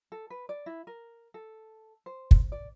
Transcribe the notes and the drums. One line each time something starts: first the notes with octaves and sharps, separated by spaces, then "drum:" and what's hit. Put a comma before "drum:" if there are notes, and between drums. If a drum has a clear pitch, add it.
A4
B4
D5
E4
A#4
A4
C5
drum: kick
D5